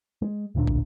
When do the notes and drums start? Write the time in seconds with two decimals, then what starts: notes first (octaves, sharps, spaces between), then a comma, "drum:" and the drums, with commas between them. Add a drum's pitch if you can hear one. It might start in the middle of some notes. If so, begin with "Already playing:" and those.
0.22 G#3
0.55 D1 D2 A#2 D4
0.67 drum: kick